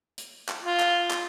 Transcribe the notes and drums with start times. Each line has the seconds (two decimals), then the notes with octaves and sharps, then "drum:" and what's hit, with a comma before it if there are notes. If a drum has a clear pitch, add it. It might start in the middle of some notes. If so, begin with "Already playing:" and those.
0.18 drum: hi-hat
0.49 drum: clap
0.64 F4
0.80 drum: clap
1.11 drum: clap